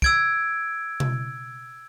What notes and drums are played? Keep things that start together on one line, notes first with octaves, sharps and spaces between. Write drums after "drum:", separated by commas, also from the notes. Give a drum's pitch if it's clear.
E6 G#6 D7, drum: kick
drum: tom B2